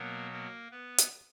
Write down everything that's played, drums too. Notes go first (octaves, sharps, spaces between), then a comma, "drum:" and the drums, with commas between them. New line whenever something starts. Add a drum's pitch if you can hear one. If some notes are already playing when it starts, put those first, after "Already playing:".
Already playing: B2 F#3 A#3 B3 A#4
A#3 A#4
B3 B4
drum: hi-hat